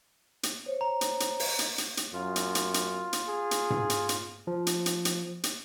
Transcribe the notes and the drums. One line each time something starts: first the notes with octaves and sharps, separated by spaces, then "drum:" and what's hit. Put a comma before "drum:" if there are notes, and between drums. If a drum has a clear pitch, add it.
drum: hi-hat
C5 C#5
A#5
drum: hi-hat
drum: hi-hat
drum: open hi-hat
drum: hi-hat
drum: hi-hat
drum: hi-hat
F#2 F4
drum: hi-hat
drum: hi-hat
drum: hi-hat
drum: hi-hat
G#4
drum: hi-hat
drum: tom G#2
drum: hi-hat
drum: hi-hat
F3
drum: hi-hat
drum: hi-hat
drum: hi-hat
drum: hi-hat